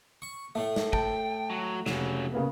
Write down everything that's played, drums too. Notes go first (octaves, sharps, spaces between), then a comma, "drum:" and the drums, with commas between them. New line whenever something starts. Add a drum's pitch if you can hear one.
C#6
A2 A3 E5
drum: snare
G5 A5, drum: kick
F#3
F1 C#3 F#3, drum: snare
C#3 A#3 B3